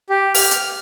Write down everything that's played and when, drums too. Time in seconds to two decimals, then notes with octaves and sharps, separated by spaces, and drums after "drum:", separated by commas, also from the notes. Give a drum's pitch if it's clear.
0.10 G4
0.35 F6, drum: open hi-hat
0.51 drum: hi-hat